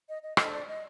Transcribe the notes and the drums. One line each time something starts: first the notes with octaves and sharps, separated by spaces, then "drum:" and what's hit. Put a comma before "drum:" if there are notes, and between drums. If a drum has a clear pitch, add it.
D#5
D#5
D4 A4 C5 D#5, drum: rim click
D5
D#5